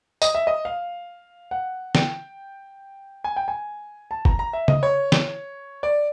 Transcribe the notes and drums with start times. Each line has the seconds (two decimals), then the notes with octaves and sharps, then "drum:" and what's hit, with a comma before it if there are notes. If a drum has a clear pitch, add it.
0.22 D#5, drum: tambourine
0.35 E5
0.47 D#5
0.65 F5
1.51 F#5
1.95 G5, drum: snare
3.24 G#5
3.36 G5
3.48 G#5
4.11 A5
4.25 A#5, drum: kick G1
4.39 A#5
4.53 E5
4.68 D#5, drum: tom
4.83 C#5
5.12 drum: snare
5.83 D5